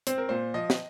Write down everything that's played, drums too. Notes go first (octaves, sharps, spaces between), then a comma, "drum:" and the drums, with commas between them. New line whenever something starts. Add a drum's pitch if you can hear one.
C4 C5, drum: hi-hat
A#4
A#2 C5
F3 D#5
drum: snare